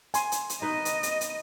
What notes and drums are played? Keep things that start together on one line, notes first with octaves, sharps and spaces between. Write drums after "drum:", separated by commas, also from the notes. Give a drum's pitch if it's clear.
G#5 C6, drum: hi-hat
drum: hi-hat
drum: hi-hat
D#4 B4 D#5
drum: hi-hat
drum: hi-hat
drum: hi-hat